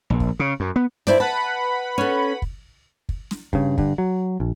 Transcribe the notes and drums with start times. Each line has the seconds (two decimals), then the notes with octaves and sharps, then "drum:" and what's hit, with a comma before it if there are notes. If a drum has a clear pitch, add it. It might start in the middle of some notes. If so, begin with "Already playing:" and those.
0.10 A#1
0.20 drum: kick
0.39 C#3
0.60 F#2
0.76 B3
1.07 G2 E4 C5 D5, drum: snare
1.20 B4 F#5 A5 B5
1.98 C#4 A4
2.42 drum: kick
3.09 drum: kick
3.31 drum: snare
3.53 G2 C#3, drum: kick
3.78 G2 D3, drum: kick
3.98 F#3
4.40 A#1